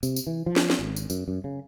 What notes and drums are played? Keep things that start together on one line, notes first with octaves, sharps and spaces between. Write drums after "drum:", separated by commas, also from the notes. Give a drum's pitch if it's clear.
C3, drum: tambourine
drum: tambourine
E3
F3
drum: snare
drum: snare
G#1
drum: tambourine
F#2, drum: tambourine
F#2
C#3